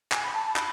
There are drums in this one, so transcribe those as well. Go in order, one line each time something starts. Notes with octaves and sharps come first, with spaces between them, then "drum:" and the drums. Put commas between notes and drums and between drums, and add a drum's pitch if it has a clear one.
G#5, drum: clap
B5
A5
A5
B5, drum: clap